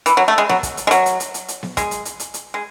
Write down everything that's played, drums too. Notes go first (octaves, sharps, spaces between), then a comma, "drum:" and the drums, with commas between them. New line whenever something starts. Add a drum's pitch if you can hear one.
E3, drum: hi-hat
F#3
A3
G#3
F#3, drum: snare B3
drum: kick, hi-hat
drum: hi-hat
G#3
F#3, drum: hi-hat
drum: hi-hat
drum: hi-hat
drum: hi-hat
drum: hi-hat
drum: snare B3
G#3, drum: kick, hi-hat
drum: hi-hat
drum: hi-hat
drum: hi-hat
drum: hi-hat
G#3